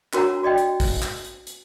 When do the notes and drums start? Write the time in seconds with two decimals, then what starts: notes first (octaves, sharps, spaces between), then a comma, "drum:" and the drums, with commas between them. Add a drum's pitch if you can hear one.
0.13 D4 F#4 A#4 C#5 F#5 A#5, drum: clap
0.43 F#4 D5 D#5 G5
0.58 drum: hi-hat
0.80 drum: kick, open hi-hat
1.02 drum: clap
1.25 drum: hi-hat
1.47 drum: hi-hat